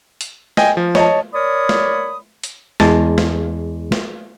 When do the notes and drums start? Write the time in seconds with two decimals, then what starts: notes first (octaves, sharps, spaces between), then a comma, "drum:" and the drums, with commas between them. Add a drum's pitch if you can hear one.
0.21 drum: hi-hat
0.57 D#5 G5 G#5, drum: snare
0.77 F3
0.95 C#5 D#5 A5, drum: snare
1.33 A#4 C#5 D5 B5 D#6
1.69 drum: snare
2.44 drum: hi-hat
2.80 E2 G#3 A5, drum: snare
3.18 drum: snare
3.92 drum: snare